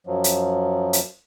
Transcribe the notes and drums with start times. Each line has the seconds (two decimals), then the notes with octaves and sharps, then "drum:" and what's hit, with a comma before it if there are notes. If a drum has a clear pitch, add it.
0.07 F#2 F3 F#3
0.24 drum: hi-hat
0.93 drum: hi-hat